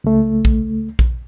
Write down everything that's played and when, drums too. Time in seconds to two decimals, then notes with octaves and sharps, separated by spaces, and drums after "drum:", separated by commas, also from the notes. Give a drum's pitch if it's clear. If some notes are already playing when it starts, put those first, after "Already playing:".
0.04 C#2 A3
0.45 drum: kick A#1
0.99 drum: kick A#1